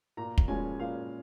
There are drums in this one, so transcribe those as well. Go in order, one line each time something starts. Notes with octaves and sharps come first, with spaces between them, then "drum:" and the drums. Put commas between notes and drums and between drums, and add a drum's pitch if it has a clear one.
A#2 A#5
drum: kick
F3 G#3 C#4 G#5
A#2 F5